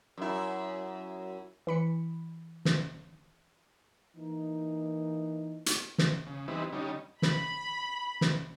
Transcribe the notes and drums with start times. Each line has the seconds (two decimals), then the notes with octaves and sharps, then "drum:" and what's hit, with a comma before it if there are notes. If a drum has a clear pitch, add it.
0.18 F#2 E4
1.67 E3 B5 C#7
2.65 drum: snare
4.15 E3 A#3 D#4
5.66 drum: hi-hat
5.98 drum: snare
6.27 C#3
6.48 E3 G3 B3 C4 D#4 E4
6.73 D3 G3 C#4 D#4
7.22 B5, drum: snare
8.21 drum: snare